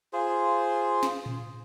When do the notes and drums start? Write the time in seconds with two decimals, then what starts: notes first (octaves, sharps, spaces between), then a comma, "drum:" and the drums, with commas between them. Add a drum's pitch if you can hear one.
0.13 F4 G#4 C5
1.03 drum: snare
1.26 drum: tom A2